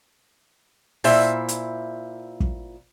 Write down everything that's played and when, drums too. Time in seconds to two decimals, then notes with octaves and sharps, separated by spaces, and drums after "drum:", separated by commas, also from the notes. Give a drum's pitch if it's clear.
1.04 A#2 E4 C5 E5, drum: open hi-hat
1.49 drum: hi-hat
2.40 drum: kick